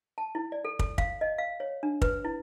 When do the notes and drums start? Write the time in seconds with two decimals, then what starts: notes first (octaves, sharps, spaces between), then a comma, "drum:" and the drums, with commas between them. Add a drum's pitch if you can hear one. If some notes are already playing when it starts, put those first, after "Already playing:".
0.18 A5
0.35 E4
0.52 D5
0.65 A4
0.79 A4, drum: kick
0.98 F5, drum: kick
1.21 D#5
1.38 F5
1.60 C#5
1.83 D4
2.02 B4, drum: kick
2.25 E4